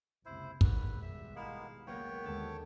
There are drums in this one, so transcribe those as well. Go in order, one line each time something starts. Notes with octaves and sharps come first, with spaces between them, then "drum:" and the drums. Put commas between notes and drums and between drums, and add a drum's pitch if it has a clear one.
F#1 C#2 C3 E4 C5
G#1 D#2 A2 B4 E6, drum: kick
B2 G3 E5
G#3 A#3 B3 E4 F5
C#2 F#3 G3 A#3 B3 C#5 G5
D#2 D3 G#3 A4 A5